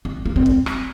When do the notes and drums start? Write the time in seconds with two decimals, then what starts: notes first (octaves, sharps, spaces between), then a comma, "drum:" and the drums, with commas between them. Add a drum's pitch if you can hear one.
0.05 D4
0.26 A#3
0.36 C4
0.46 drum: kick
0.66 drum: rim click